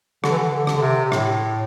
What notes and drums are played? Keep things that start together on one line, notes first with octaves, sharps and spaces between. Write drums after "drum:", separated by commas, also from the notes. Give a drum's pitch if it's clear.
D3, drum: rim click
E3
D3
D3
drum: rim click
D3
C3
C3
A2, drum: rim click